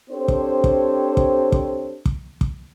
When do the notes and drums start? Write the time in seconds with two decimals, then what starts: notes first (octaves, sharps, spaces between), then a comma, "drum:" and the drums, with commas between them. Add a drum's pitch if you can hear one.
0.11 C4 D4 G4 A4 C5 C#5
0.28 drum: kick
0.64 drum: kick
1.17 drum: kick
1.52 drum: kick
2.06 drum: kick
2.41 drum: kick